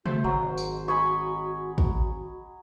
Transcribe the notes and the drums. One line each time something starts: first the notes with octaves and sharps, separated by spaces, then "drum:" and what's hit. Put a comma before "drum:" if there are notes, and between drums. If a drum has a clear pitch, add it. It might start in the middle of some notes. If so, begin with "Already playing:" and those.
A3 F#4 C5, drum: tom C3
G#1 F#3 F#4
drum: tambourine
D#5 G#5 B5 C#6
drum: kick